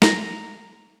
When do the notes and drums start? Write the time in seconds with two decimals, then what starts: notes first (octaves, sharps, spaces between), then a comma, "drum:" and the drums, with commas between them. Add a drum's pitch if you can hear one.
0.02 A#5, drum: snare